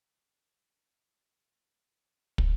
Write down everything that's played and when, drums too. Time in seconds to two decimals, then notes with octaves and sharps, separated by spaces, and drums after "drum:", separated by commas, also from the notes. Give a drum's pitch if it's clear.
0.07 D5
0.81 G3
1.20 D4 D#4 F#4 A#4 B4
1.44 D#3 A3 C4 C#4 D#4 F4
2.38 drum: kick